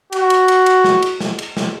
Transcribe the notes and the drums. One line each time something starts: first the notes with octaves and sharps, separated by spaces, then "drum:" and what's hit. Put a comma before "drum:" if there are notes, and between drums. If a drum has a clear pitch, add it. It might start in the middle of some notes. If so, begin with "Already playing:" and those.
F#4, drum: cymbal
drum: cymbal
drum: cymbal
drum: cymbal
drum: snare
drum: cymbal
drum: snare
drum: cymbal
drum: snare